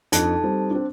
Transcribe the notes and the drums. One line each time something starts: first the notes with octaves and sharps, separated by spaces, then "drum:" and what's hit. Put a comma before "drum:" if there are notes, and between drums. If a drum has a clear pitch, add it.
F2 D4 D#4 A4 A5 F#6, drum: hi-hat
G3 C4
C4 D4